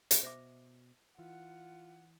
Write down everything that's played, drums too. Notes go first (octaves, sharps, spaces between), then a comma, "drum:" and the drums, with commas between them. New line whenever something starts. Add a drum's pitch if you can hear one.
drum: hi-hat
B2 C5 E5 D6
E3 F4 F#5